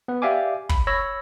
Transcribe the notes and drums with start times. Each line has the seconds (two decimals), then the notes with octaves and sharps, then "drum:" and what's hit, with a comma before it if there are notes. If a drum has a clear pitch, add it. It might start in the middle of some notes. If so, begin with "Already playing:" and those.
0.08 B3 B4
0.22 G4 D5 E5 F5 G#5 D6
0.69 B5, drum: kick
0.87 C#5 B5 E6 A#6